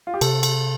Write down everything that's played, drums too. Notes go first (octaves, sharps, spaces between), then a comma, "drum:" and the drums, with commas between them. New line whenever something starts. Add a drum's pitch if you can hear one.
F4
G4
C3 A4, drum: cymbal
drum: cymbal